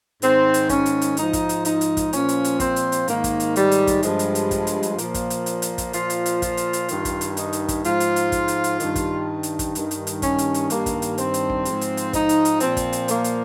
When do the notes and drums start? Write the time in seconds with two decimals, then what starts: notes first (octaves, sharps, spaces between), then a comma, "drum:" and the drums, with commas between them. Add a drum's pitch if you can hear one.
0.22 G#2 D#3 C4, drum: hi-hat
0.54 drum: hi-hat
0.69 C#4, drum: kick, hi-hat
0.86 drum: hi-hat
1.02 drum: hi-hat
1.17 G#2 F3 D#4, drum: hi-hat
1.33 drum: kick, hi-hat
1.49 drum: hi-hat
1.65 D#4, drum: hi-hat
1.81 drum: hi-hat
1.97 drum: kick, hi-hat
2.13 A#2 F3 C#4, drum: hi-hat
2.29 drum: hi-hat
2.44 drum: hi-hat
2.60 C4, drum: kick, hi-hat
2.76 drum: hi-hat
2.92 drum: hi-hat
3.08 G#2 D#3 A#3, drum: hi-hat
3.24 drum: kick, hi-hat
3.40 drum: hi-hat
3.56 G3, drum: hi-hat
3.71 drum: hi-hat
3.87 drum: kick, hi-hat
4.03 G2 F3 G#3, drum: hi-hat
4.19 drum: hi-hat
4.35 drum: hi-hat
4.51 drum: kick, hi-hat
4.67 drum: hi-hat
4.83 drum: hi-hat
4.98 A#2 F3 A#3, drum: hi-hat
5.14 drum: kick, hi-hat
5.30 drum: hi-hat
5.46 drum: hi-hat
5.62 drum: hi-hat
5.78 drum: kick, hi-hat
5.93 A#2 F3 F4, drum: hi-hat
6.10 drum: hi-hat
6.26 drum: hi-hat
6.42 F4, drum: kick, hi-hat
6.57 drum: hi-hat
6.73 drum: hi-hat
6.88 G2 D#3, drum: hi-hat
7.05 drum: kick, hi-hat
7.21 drum: hi-hat
7.37 D#4, drum: hi-hat
7.53 drum: hi-hat
7.68 drum: kick, hi-hat
7.84 G#2 F3 F4, drum: hi-hat
8.00 drum: hi-hat
8.16 drum: hi-hat
8.32 drum: kick, hi-hat
8.48 drum: hi-hat
8.64 drum: hi-hat
8.80 G2 D#3, drum: hi-hat
8.96 drum: kick, hi-hat
9.43 drum: hi-hat
9.59 drum: kick, hi-hat
9.75 G2 D#3, drum: hi-hat
9.91 drum: hi-hat
10.07 drum: hi-hat
10.22 C#4, drum: kick, hi-hat
10.38 drum: hi-hat
10.54 drum: hi-hat
10.70 G2 D#3 A#3, drum: hi-hat
10.86 drum: kick, hi-hat
11.02 drum: hi-hat
11.18 C4, drum: hi-hat
11.34 drum: hi-hat
11.50 drum: kick
11.65 G#2 F3, drum: hi-hat
11.81 drum: hi-hat
11.97 drum: hi-hat
12.13 D#4, drum: kick, hi-hat
12.29 drum: hi-hat
12.45 drum: hi-hat
12.60 A#2 F3 C4, drum: hi-hat
12.77 drum: kick, hi-hat
12.93 drum: hi-hat
13.08 A#3, drum: hi-hat
13.24 drum: hi-hat